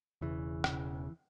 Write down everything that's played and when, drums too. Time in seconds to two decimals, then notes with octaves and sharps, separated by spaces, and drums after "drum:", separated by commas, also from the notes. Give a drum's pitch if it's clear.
0.21 E1 E2 C#3 E3
0.64 E1 E2 C#3, drum: rim click